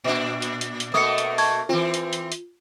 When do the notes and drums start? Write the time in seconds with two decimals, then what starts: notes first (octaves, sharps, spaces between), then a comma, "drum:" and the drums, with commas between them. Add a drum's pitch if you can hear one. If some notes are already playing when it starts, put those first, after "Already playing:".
0.04 A#2 D4
0.42 drum: hi-hat
0.61 drum: hi-hat
0.80 drum: hi-hat
0.94 B2 A3 A#3 D#6 C#7
1.18 drum: hi-hat
1.38 A5 C#6 G#6, drum: open hi-hat
1.69 E3 C4 F4
1.94 drum: hi-hat
2.13 drum: hi-hat
2.32 drum: hi-hat